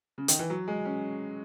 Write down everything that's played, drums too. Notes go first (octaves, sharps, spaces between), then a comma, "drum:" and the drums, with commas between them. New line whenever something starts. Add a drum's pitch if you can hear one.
C#3
D#3, drum: hi-hat
E3
F#3
G#3
C#4